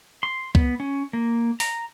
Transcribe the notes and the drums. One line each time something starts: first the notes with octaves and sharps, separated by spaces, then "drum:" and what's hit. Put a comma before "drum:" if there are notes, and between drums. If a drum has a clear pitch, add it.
C6
B3, drum: kick
C#4
A#3
A#5, drum: open hi-hat